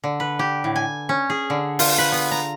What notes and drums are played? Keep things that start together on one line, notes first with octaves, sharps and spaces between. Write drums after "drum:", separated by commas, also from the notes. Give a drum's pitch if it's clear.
D3
B4
G4
A2
G#5
C#4
G#4
D3
F4, drum: open hi-hat
B4
B3
A#5